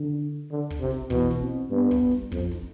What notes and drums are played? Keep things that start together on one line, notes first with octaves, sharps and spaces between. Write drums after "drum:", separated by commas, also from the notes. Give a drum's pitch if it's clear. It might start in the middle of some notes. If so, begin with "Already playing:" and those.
Already playing: D3
D3
drum: kick
C3
drum: snare
B2 E3, drum: kick
drum: snare
C4
G2 B3
drum: kick
drum: snare
F2, drum: kick
drum: snare